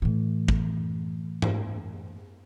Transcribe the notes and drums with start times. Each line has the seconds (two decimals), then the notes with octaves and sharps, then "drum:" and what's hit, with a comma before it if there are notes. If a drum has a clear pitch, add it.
0.02 A2 E3
0.48 drum: kick
1.42 drum: tom G#2